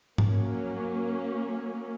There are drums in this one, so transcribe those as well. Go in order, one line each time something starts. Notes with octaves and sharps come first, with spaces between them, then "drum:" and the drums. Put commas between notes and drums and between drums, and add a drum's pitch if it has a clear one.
F#3 A#3 C#4, drum: tom G#2